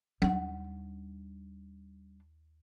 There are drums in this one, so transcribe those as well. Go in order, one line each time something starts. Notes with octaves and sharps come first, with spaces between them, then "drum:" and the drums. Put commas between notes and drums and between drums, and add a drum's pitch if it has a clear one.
D#2 G3 D4 F#5, drum: tom